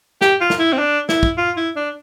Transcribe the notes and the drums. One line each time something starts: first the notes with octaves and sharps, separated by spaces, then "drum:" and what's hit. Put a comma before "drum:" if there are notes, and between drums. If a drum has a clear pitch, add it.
G4, drum: snare
F4
drum: snare
E4
C4
D4
E4, drum: snare
drum: kick
F4
E4
D4